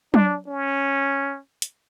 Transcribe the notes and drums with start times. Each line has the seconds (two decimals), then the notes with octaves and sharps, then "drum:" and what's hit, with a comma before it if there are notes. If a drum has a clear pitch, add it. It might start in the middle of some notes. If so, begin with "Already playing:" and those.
0.14 D4, drum: tom F#3
0.47 C#4
1.62 drum: hi-hat